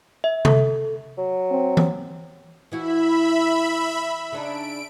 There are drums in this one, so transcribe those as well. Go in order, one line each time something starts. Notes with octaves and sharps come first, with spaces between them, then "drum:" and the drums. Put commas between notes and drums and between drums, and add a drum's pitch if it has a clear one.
E5
A4, drum: tom C3
F#3
C4
drum: tom E3
E3 E4 F#4 E5 B5
C#3 D4 D#4 D7